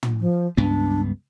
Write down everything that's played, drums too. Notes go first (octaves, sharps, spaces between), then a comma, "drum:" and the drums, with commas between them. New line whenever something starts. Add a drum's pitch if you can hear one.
drum: tom
F3
C#2 G2 B3 D4